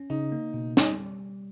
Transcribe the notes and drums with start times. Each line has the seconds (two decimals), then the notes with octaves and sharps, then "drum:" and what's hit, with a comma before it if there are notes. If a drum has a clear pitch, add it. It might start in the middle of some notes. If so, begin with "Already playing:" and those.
Already playing: C#4
0.10 C#3 D#4
0.32 A#3
0.54 B2
0.77 G3 D#4, drum: snare